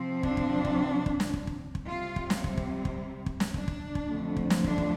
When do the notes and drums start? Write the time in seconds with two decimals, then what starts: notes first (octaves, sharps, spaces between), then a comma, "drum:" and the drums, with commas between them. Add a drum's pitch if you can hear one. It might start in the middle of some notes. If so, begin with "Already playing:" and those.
Already playing: C3 F3 C4
0.23 D4, drum: kick
0.37 drum: kick
0.65 drum: kick
1.06 drum: kick
1.20 drum: snare
1.34 drum: kick
1.47 drum: kick
1.75 drum: kick
1.88 C3 G3 C4 F4
2.16 drum: kick
2.30 drum: snare
2.44 C4, drum: kick
2.58 drum: kick
2.85 drum: kick
3.26 drum: kick
3.40 drum: snare
3.54 D4, drum: kick
3.68 drum: kick
3.95 drum: kick
4.09 F2 D3 F3 A3
4.37 drum: kick
4.50 drum: snare
4.64 D4, drum: kick
4.78 drum: kick